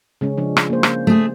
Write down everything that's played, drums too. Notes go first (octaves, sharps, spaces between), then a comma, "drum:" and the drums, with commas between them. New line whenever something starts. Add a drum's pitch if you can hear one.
C#3 G#3 C#4
C#3 F3 D4
drum: rim click
A#3 C5
drum: rim click
A3 G#4